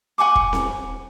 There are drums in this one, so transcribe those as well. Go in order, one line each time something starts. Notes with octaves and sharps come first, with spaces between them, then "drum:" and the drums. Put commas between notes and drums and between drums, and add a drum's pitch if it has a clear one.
F#5 G#5 C#6 D6
drum: kick
drum: snare C4